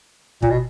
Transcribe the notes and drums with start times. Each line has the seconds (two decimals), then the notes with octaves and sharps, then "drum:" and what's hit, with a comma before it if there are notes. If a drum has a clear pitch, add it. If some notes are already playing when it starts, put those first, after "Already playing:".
0.42 A#2, drum: kick
0.50 B2